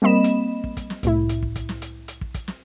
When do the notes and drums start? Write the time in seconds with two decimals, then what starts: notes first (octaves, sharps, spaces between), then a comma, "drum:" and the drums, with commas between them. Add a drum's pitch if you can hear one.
0.02 G3 A#3 C4 D#5 B5 E7
0.24 drum: hi-hat
0.64 drum: kick
0.77 drum: kick, hi-hat
0.90 drum: snare
1.03 C2 A2 E4, drum: hi-hat
1.29 drum: hi-hat
1.43 drum: kick
1.56 drum: kick, hi-hat
1.69 drum: snare
1.82 drum: hi-hat
2.08 drum: hi-hat
2.21 drum: kick
2.34 drum: kick, hi-hat
2.48 drum: snare